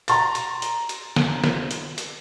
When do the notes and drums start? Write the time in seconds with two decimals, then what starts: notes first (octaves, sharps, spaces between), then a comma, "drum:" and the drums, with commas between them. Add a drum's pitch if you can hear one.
0.08 A#5 C6 A6, drum: hi-hat
0.35 drum: hi-hat
0.62 drum: hi-hat
0.89 drum: hi-hat
1.16 drum: snare
1.44 drum: snare
1.71 drum: hi-hat
1.98 drum: hi-hat